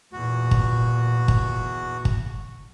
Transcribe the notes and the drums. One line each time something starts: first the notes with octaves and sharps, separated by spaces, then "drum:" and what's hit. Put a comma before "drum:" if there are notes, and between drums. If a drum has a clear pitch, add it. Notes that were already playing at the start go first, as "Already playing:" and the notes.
E2 A#2 F#4
drum: kick
drum: kick
drum: kick